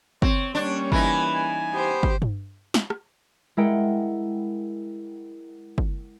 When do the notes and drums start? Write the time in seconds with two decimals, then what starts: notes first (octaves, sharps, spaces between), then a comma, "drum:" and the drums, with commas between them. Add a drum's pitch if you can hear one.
0.22 C4 C#5, drum: kick
0.55 G3 A#3 C#4 D4 C#5
0.92 E3 D#4 B4 G#5, drum: kick
1.34 G#5
1.74 B3 G4 C5
2.03 drum: kick
2.22 drum: tom G2
2.74 drum: snare
2.90 drum: rim click
3.57 G#3 E4 A#4 F#5 G5
5.78 drum: kick